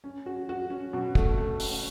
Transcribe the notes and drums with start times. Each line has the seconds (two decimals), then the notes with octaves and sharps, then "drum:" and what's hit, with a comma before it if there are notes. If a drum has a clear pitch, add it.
0.04 C#4
0.26 F#4
0.49 F#4
0.70 C#4
0.93 B2
1.15 A3, drum: kick
1.38 A3
1.60 C#4, drum: open hi-hat